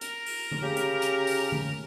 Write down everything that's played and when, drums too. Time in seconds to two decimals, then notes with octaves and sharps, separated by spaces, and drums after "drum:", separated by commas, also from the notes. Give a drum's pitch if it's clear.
0.01 A#4, drum: hi-hat
0.26 drum: open hi-hat
0.52 drum: tom D3
0.62 C#3 G4
0.77 drum: hi-hat
1.02 drum: hi-hat
1.27 drum: open hi-hat
1.52 drum: tom D3